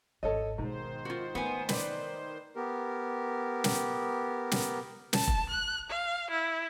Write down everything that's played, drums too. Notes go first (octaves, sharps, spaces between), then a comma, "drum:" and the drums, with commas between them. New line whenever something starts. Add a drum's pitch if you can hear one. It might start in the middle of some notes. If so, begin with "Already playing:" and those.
G#1 E2 A4 C#5 D#5
G#2 B2 D#3 B3 C5
F4 F#4
A3 B3 G#5
B4 D5, drum: snare
B3 G4 A#4
drum: snare
drum: snare
A5, drum: snare
drum: kick F1
F#6
F5
E4